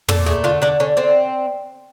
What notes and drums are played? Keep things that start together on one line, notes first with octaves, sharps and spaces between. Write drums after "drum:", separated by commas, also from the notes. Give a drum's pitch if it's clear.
A#2 A4, drum: tom
A3 G#4
D3 F4
D3 D4
D3 C#4
D3 C4